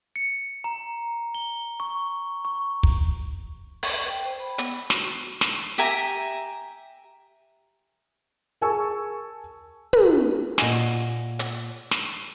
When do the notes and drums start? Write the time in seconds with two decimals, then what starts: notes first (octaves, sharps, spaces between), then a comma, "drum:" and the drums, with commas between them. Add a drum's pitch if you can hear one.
0.16 C#7
0.64 A#5
1.35 G7
1.80 C#6
2.45 C#6
2.83 drum: kick
3.83 drum: open hi-hat
4.09 G5
4.25 C5
4.40 B5
4.58 B3, drum: hi-hat
4.90 F#4, drum: snare
5.41 drum: snare
5.78 G4 E5 G#5 A#5
8.61 G#4 A#4 G#5 A5 C#6 E6
9.93 drum: tom
10.58 A#2 D#5 F#5 G#5, drum: snare
11.39 drum: hi-hat
11.91 drum: snare